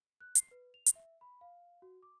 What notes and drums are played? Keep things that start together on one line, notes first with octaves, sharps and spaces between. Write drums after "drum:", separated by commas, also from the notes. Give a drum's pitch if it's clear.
F#6
C7, drum: hi-hat
B4
F7
drum: hi-hat
E5
B5
F5
F#4
D6